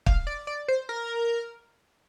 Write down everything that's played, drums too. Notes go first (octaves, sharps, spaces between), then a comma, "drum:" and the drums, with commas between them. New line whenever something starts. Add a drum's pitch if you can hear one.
F5, drum: kick
D5
D5
C5
A#4